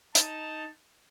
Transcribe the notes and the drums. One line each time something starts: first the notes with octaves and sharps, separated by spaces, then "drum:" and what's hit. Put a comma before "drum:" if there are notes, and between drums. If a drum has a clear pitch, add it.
D#4 A5, drum: hi-hat